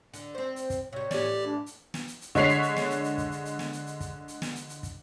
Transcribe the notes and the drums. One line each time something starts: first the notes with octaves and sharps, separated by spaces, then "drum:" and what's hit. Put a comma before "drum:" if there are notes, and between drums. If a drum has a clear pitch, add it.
D3, drum: hi-hat
C4 C5
drum: hi-hat
drum: kick, hi-hat
C3 G3 C#5
A2 E3 G4 D5, drum: snare
D4
drum: hi-hat
drum: snare
drum: hi-hat
drum: hi-hat
D3 G#3 C#5 B6 C7 F7, drum: kick, hi-hat
drum: hi-hat
drum: hi-hat
drum: snare
drum: hi-hat
drum: hi-hat
drum: kick, hi-hat
drum: hi-hat
drum: hi-hat
drum: snare
drum: hi-hat
drum: hi-hat
drum: kick, hi-hat
drum: hi-hat
drum: snare
drum: hi-hat
drum: hi-hat
drum: kick, hi-hat